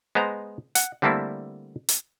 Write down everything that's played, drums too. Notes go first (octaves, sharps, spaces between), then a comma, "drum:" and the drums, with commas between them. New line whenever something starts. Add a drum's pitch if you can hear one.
G#3 B3 C5 D#5 A#5
F#5, drum: hi-hat
D3 G3 A3 A#3 C4 E4
drum: hi-hat